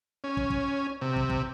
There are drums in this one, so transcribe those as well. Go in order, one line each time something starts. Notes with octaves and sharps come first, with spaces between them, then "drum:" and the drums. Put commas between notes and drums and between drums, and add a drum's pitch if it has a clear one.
C#4
drum: kick
drum: kick
C3
drum: kick
drum: kick